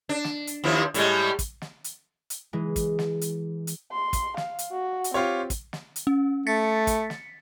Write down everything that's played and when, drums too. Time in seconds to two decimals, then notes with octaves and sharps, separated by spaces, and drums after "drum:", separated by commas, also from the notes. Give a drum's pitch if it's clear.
0.09 D4
0.24 drum: snare
0.47 drum: hi-hat
0.64 D#2 F3 E4
0.94 A2 G3 G#3, drum: hi-hat
1.39 drum: kick, hi-hat
1.62 drum: snare
1.84 drum: hi-hat
2.30 drum: hi-hat
2.53 E3 G#3
2.76 drum: kick, hi-hat
2.99 drum: snare
3.21 drum: hi-hat
3.67 drum: hi-hat
3.92 C6
4.13 drum: kick, hi-hat
4.37 F5, drum: snare
4.59 drum: hi-hat
4.72 F#4
5.04 drum: hi-hat
5.14 C4 F4 G4 C#5
5.50 drum: kick, hi-hat
5.73 drum: snare
5.96 drum: hi-hat
6.07 C#4
6.47 A3 A6 B6 C#7
6.87 drum: kick, hi-hat
7.10 drum: snare